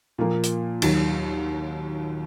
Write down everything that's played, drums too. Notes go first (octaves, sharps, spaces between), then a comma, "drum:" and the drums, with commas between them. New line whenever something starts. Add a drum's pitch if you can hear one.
A#2 F3 A#3
drum: hi-hat
D#2 D#3 F#3, drum: cymbal